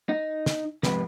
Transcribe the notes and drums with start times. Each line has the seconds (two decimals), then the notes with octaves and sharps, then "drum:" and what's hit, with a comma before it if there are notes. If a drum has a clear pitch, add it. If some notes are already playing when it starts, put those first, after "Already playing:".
0.09 D#4
0.46 drum: snare
0.83 F2 G#2 C3 B4, drum: snare